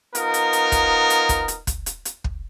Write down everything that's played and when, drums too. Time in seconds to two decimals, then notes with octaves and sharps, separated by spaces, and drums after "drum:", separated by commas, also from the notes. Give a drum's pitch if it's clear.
0.15 B3 D#4 F4 A#4, drum: hi-hat
0.34 drum: hi-hat
0.53 drum: hi-hat
0.72 drum: kick, hi-hat
1.10 drum: hi-hat
1.29 drum: kick, hi-hat
1.48 drum: hi-hat
1.67 drum: kick, hi-hat
1.86 drum: hi-hat
2.05 drum: hi-hat
2.24 drum: kick